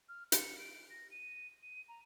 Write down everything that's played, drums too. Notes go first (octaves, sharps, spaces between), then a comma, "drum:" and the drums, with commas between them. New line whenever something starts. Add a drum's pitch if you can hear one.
F6
C#7, drum: hi-hat
D7
A#6
D#7
D#7
A#5